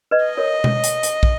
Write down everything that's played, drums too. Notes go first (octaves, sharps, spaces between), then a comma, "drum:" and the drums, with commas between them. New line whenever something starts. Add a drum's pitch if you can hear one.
B4 D#5
D#5
A#4 C#5
drum: tom B2
drum: hi-hat
drum: hi-hat
drum: kick